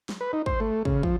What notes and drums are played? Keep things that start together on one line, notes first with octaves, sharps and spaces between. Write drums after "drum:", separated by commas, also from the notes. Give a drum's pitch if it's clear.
drum: snare
B4
D#4
C5, drum: kick
A3
C#3, drum: kick
F3, drum: kick